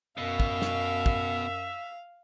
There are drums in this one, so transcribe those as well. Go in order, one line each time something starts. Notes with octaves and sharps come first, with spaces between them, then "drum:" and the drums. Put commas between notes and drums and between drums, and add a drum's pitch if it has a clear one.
F#2 B2 E5 F5
drum: kick
drum: snare
drum: kick